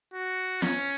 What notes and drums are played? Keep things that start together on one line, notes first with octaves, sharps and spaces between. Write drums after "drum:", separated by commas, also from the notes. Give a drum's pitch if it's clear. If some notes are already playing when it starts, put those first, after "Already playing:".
F#4
C#4, drum: snare